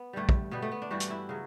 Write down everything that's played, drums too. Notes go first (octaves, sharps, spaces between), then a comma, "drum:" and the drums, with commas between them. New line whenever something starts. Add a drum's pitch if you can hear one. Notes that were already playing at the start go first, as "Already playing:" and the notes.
Already playing: B3
G2 D3 G3 A3
drum: kick
B2 G3 B3
A3
B3
D4
G2 E3 G3 F#4
drum: hi-hat
E4
C#3 F#3